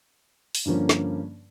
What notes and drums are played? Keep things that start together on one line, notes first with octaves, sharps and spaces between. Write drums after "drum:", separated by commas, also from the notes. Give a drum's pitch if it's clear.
drum: open hi-hat
G2 D3 F3 A#3 C#4
drum: snare